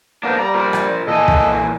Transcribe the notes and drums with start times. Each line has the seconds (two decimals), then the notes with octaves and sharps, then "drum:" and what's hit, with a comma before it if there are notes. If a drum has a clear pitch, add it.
0.23 A#3 B3 D4 A#4 C5
0.38 G3 D5 A#5
0.55 F4 A#4 C5
0.73 drum: rim click
1.07 A#2 E3 A4 D#5 G#5
1.28 drum: kick